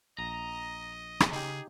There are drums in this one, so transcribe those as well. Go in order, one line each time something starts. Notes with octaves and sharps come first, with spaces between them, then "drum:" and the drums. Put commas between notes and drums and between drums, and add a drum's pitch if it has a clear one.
A#1 D#5 A#5
drum: rim click
C#3 D#4 G4 G#4